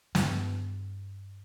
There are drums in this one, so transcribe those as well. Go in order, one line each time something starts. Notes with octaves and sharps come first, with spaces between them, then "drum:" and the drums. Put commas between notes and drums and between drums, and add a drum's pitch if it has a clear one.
G2, drum: snare